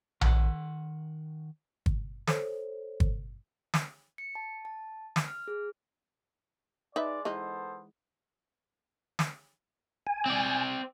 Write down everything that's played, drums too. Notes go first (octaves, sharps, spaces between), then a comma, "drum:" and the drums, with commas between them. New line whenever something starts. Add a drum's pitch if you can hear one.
D#3 F#5, drum: tom A#1
drum: kick G1
A4 C5 C#5, drum: snare
drum: kick G1
drum: snare
C#7
A5
A5
drum: snare
F6
G#4
G#3 D#4 B4 D5 E5
E3 G#3 B3 D#4 A4 C5
drum: snare
G#5
C4 D5